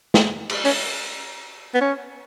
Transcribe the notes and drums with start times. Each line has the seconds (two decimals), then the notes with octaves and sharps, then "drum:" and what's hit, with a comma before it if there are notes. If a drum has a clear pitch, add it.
0.14 drum: snare
0.49 drum: cymbal
0.65 C#4, drum: open hi-hat
1.74 B3
1.81 C#4